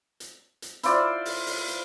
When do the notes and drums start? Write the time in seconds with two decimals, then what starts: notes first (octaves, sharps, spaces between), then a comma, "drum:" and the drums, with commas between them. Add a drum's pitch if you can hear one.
0.20 drum: hi-hat
0.62 drum: hi-hat
0.83 E4 F4 C5 D5, drum: hi-hat
1.25 drum: open hi-hat
1.46 drum: open hi-hat
1.67 drum: hi-hat